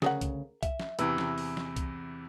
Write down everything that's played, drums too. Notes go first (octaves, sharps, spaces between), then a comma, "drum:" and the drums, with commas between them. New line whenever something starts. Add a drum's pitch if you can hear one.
D2 C#3 G#4 A#4 F#5, drum: snare
drum: kick, hi-hat
E5, drum: kick, hi-hat
drum: snare
E2 C3 E3 B4 B5 E6, drum: hi-hat
drum: snare
drum: open hi-hat
drum: snare
drum: kick, hi-hat